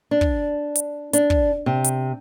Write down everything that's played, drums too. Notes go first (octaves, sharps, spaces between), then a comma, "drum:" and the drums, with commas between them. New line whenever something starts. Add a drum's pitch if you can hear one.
D4
drum: kick
drum: hi-hat
D4, drum: hi-hat
drum: kick
C3
drum: hi-hat